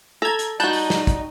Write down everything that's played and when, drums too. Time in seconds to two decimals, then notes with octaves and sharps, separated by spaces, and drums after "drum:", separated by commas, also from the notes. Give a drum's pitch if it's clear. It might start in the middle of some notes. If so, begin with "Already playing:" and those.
0.22 A4 A#5 G#6
0.39 drum: hi-hat
0.60 G3 D#4 F#4 A5 F#6 G6
0.73 drum: open hi-hat
0.90 drum: snare
1.07 drum: kick, hi-hat